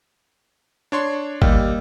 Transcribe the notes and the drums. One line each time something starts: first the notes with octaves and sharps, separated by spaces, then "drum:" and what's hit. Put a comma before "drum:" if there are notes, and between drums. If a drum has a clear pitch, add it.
D4 C#5 C6
D#2 G3, drum: kick G#1